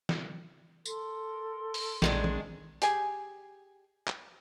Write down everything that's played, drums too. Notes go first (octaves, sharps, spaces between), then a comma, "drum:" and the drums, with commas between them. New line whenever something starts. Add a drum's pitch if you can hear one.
drum: snare
A4 A#4 C6, drum: tambourine
drum: open hi-hat
A#1 D#3 G#3 D4, drum: snare
drum: tom
G4 G#4 G#5, drum: hi-hat
drum: clap